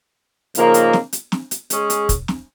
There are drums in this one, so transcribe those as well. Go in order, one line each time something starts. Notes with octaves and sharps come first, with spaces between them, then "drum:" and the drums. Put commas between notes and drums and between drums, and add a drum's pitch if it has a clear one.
C#3 F3 A#3 D#4, drum: hi-hat
drum: hi-hat
drum: snare
drum: hi-hat
drum: snare
drum: hi-hat
G#3 C#4 G#4, drum: hi-hat
drum: hi-hat
drum: kick, hi-hat
drum: snare